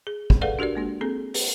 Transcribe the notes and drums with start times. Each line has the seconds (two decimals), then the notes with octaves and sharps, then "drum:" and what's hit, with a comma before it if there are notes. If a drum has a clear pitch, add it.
0.07 G#4
0.30 drum: kick
0.41 G#4 A4 B4 D5 F5 F#5
0.59 D4 F#4 G4 A#4 D5
0.75 G#3 A#3 D4
1.01 A#3 C4 G#4 A4
1.34 B4, drum: open hi-hat